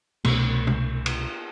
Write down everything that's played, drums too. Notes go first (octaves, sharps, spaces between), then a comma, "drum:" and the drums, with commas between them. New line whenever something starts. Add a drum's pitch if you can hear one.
C2 B2 A3, drum: cymbal
drum: tom
drum: cymbal